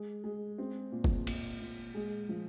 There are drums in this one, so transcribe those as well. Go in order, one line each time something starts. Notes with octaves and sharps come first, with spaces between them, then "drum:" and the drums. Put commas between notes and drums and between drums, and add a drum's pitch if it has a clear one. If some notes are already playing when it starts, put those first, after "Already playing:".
Already playing: G#3
G#3
C4
A#2
drum: kick
A#2, drum: cymbal
A#2
G#3
F3